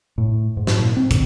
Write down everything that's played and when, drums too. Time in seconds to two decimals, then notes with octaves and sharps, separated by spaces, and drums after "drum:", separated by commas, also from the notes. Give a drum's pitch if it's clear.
0.18 A2
0.57 G#2
0.67 drum: snare
0.79 A#2
0.97 C4
1.11 D3, drum: kick, hi-hat